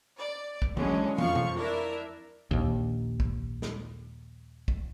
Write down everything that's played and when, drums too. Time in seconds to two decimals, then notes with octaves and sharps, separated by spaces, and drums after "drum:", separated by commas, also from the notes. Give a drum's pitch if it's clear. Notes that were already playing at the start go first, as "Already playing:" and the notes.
0.16 D5
0.62 drum: kick
0.77 D3 E3 F#3 G#3 C#4 D4, drum: tom
1.18 F2 F3 F5 C#6, drum: tom
1.35 drum: tom
1.56 D4 E4 A#4 E5
2.51 A#1 D#2
3.20 drum: kick
3.62 drum: snare
4.68 drum: kick